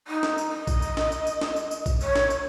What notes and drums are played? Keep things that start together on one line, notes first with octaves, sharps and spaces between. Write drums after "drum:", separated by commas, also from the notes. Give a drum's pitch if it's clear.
D#4
drum: snare
drum: tambourine
D#5
drum: kick A#1, tambourine
drum: tambourine
drum: snare
drum: tambourine
drum: tambourine
drum: snare
drum: tambourine
drum: tambourine
drum: kick A#1, tambourine
C#5, drum: tambourine
drum: snare
drum: tambourine